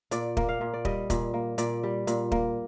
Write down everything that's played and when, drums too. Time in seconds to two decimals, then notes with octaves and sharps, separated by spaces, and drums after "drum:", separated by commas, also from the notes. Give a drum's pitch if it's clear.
0.11 A#2 D5, drum: hi-hat
0.37 A#3, drum: kick
0.49 F5
0.61 A#2
0.74 D5
0.85 G3 D#5, drum: kick
1.10 A#2, drum: kick, hi-hat
1.34 A#3
1.58 A#2 D5, drum: hi-hat
1.84 G3
2.07 A#2, drum: hi-hat
2.32 A#3, drum: kick